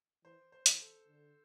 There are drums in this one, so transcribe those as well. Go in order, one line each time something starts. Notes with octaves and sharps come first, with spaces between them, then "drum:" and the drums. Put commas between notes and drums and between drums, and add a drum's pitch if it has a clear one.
E3 C5
C5
E3, drum: hi-hat
A4
D3